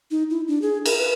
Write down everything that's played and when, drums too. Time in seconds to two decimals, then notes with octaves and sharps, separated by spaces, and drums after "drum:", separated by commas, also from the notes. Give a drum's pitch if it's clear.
0.11 D#4
0.30 E4
0.48 D4
0.62 G#4
0.86 A#4, drum: cymbal
0.99 B4